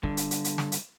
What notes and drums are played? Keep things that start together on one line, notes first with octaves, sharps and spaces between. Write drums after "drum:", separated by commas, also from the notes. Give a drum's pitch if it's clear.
G2 D3, drum: kick
drum: hi-hat
drum: hi-hat
drum: hi-hat
drum: snare
drum: hi-hat